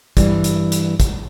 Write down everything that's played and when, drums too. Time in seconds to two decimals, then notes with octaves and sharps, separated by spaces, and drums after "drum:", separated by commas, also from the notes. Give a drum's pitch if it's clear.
0.17 G2 E3 G3, drum: kick, hi-hat
0.44 drum: hi-hat
0.72 drum: hi-hat
1.00 drum: kick, hi-hat